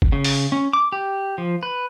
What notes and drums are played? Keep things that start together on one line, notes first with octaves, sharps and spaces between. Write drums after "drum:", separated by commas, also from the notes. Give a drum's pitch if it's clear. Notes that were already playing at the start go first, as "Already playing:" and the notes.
drum: kick G1
C#3
drum: open hi-hat
C#4
D6
G4
F3
B4